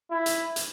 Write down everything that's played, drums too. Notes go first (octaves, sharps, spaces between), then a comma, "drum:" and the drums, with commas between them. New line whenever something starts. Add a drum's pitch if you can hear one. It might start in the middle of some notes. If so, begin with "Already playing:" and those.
E4
drum: hi-hat
drum: hi-hat